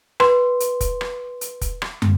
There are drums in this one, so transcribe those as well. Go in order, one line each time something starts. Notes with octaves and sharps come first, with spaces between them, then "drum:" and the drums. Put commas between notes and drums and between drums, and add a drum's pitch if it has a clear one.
B4 C6, drum: rim click
drum: hi-hat
drum: kick, hi-hat
drum: rim click
drum: hi-hat
drum: kick, hi-hat
drum: rim click
drum: tom